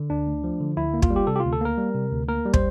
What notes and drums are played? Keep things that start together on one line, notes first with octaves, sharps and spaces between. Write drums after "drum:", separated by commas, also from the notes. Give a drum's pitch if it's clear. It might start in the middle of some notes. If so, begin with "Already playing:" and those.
Already playing: D3
D2 D4
A3
F3
D3
D2 E4
A#3
F4, drum: kick
G3
G4
C3 A4
G4
D2 F4
A4
A#3 A#4
G3
C3
D2
A#3 A#4
G3
C5, drum: kick